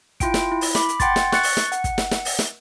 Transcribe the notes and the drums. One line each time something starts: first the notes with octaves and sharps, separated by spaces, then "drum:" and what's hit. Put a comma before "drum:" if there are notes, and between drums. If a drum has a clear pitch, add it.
E4 F4 G5 D7, drum: kick, hi-hat
drum: snare
E4
drum: open hi-hat
B5 D6, drum: snare
drum: hi-hat
F#5 G5 C6 A6, drum: kick, hi-hat
drum: snare
C#6 F#6 A6 C#7, drum: snare
drum: open hi-hat
drum: snare
F#5, drum: hi-hat
drum: kick, hi-hat
drum: snare
drum: snare
drum: open hi-hat
drum: snare